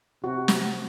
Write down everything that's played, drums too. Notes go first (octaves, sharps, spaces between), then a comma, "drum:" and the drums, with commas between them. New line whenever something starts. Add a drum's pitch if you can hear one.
C3 F#4
drum: snare